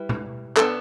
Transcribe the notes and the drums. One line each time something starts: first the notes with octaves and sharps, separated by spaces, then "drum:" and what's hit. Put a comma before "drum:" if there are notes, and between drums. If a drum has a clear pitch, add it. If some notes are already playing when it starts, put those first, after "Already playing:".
Already playing: G3 E4 B4
drum: tom B2
B3 D4 A4, drum: clap